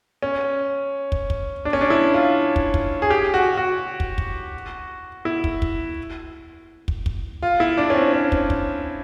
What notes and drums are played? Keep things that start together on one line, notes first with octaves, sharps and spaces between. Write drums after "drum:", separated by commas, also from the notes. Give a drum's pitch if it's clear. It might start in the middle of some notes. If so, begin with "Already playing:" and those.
C#4
drum: kick
drum: kick
D4
C#4
D4
E4
F4
drum: kick
drum: kick
G#4
G4
F#4
F#4
drum: kick
drum: kick
E4
drum: kick
drum: kick
drum: kick
drum: kick
F4
E4
D4
C#4
C4
C#4
drum: kick
drum: kick